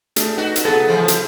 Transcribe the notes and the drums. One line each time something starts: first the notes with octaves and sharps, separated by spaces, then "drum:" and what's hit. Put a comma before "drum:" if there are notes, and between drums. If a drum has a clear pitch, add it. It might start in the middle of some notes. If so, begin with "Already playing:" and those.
A3 D4 G#4, drum: hi-hat
D#4 F#4 B4
drum: hi-hat
C#3 F#3 B3 G#4 A4
E3 F3 A3
drum: hi-hat